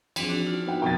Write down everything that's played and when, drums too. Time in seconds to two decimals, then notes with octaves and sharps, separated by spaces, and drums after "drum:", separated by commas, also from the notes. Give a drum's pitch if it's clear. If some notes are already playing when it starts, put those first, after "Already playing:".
0.16 E3 F3 C4 D4 G#4 B6 D7 E7, drum: cymbal
0.29 D4 F#4
0.47 D#4 F4 F#4
0.67 B3 B4 G5
0.82 F2 B2 A#4 G5 A6